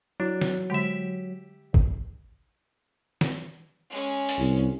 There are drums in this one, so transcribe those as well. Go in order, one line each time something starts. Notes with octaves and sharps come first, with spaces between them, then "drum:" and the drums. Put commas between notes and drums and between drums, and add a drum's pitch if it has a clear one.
F#3 D4 E4
drum: snare
D3 G#3 G4 E5
drum: kick
drum: snare
G#3 C#4
drum: open hi-hat
C2